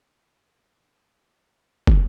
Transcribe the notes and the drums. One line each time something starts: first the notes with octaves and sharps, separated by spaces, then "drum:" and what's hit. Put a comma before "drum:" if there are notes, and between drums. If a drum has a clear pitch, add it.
E4
C5
D#5
drum: kick